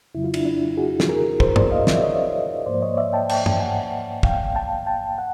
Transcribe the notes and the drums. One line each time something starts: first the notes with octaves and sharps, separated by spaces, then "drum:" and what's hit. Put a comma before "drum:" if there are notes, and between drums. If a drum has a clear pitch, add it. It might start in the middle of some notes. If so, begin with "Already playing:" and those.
F2 C#3 F#3 E4
F4
D4 E4, drum: cymbal
D4
F#4 G#4
drum: snare
G#4 A#4
A#4 C5, drum: kick
C5 D5, drum: tom
D#5 F5
D5 E5, drum: snare
C#5 D#5
G#2 F3 A#3 C5 D5
C#5 D#5
D5 E5
G5 A5
G5 A5, drum: cymbal
drum: tom
F#5 G#5
F5 G5, drum: kick
G5 A5
G5 A5
F#5